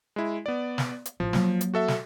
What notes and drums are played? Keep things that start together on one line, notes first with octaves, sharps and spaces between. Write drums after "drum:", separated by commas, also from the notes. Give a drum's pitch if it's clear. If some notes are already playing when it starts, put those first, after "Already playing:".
G#3 E4
B3 D5
drum: snare
drum: hi-hat
A1 F3
F#3 A#3, drum: snare
drum: hi-hat
F#4 A4 E5
drum: snare